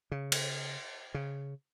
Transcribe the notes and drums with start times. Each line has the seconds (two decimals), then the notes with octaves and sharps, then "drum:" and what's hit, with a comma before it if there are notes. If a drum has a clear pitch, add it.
0.12 C#3
0.32 drum: cymbal
1.14 C#3